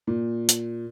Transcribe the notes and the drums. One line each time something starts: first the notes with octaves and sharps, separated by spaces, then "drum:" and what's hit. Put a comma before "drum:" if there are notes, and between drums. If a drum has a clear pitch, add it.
A#2
drum: hi-hat